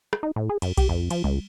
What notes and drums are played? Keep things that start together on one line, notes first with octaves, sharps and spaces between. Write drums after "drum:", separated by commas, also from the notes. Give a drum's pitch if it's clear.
drum: rim click
D#4
A2
G#4
F#2, drum: cymbal
G4, drum: kick B1, cymbal
F2
F3, drum: cymbal
C#2, drum: tom G3